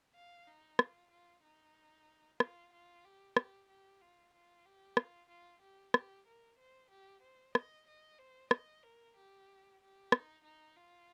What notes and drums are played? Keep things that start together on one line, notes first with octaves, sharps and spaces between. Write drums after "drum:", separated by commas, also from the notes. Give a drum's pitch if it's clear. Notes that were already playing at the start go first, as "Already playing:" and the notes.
F5
D#4
F4, drum: rim click
F4
D#4
F4, drum: rim click
F4
G4
G4, drum: rim click
G4
F4
F4
G4
F4, drum: rim click
F4
G4
G4, drum: rim click
A#4
C5
G4
C5
D#5, drum: rim click
D#5
C5
D#5, drum: rim click
A#4
G4
G4
D#4, drum: rim click
D#4
F4